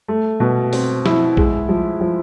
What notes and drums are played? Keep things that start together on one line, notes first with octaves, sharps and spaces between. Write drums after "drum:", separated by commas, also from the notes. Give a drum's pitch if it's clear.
A3
B2
C4, drum: open hi-hat
E4, drum: snare F3
G#3, drum: kick B1
F3
F3